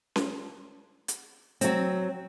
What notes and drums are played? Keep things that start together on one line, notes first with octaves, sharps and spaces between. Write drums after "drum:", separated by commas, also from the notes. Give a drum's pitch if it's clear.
drum: snare C#4
drum: hi-hat
F#3 C4, drum: hi-hat